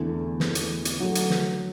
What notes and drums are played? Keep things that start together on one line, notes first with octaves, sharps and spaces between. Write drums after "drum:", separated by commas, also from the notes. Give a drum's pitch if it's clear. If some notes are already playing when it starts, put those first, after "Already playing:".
Already playing: E2 D3 E3 A3
E2 D3 A3, drum: snare
drum: hi-hat
drum: hi-hat
D3 F#3 A3
drum: hi-hat
drum: snare